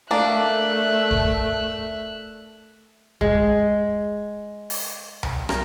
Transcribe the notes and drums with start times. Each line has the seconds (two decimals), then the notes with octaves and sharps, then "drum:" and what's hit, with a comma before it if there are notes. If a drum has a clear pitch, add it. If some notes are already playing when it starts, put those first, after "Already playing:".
0.11 A3 A#3 D4 E5 F#6
1.11 drum: kick E1
3.21 G#3, drum: kick E1
4.70 drum: open hi-hat
5.23 drum: tom C2
5.49 A#4, drum: rim click